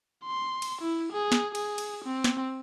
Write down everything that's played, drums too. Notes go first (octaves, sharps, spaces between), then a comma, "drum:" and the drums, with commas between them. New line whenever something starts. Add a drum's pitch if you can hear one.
C6
drum: cymbal
E4
G#4
drum: snare
G#4, drum: cymbal
drum: cymbal
C4
drum: snare